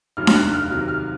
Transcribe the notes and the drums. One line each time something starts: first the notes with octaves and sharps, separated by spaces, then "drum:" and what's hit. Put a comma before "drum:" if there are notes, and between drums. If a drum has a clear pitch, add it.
F1 D#2 D#3 F#3 F6
F6, drum: snare D4
F#6
F6
C2 C3 D#3 F#3 F6
F6